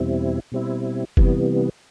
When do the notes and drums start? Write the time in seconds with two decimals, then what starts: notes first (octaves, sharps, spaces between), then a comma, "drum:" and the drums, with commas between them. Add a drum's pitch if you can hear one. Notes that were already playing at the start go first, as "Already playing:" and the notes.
Already playing: E2 B2 G3 C4 E4
0.52 B2 G3 C4 E4
1.17 C3 E3 G3 B3, drum: kick F#1